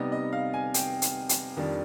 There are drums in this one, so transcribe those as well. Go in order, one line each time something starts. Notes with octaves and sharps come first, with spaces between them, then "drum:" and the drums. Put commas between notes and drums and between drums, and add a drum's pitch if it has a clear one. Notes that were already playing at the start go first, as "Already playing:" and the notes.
Already playing: C3 G3 B3 D#4 D#5
D#5
F5
G#5
G5, drum: hi-hat
drum: hi-hat
drum: hi-hat
F2 D#3 G3 D4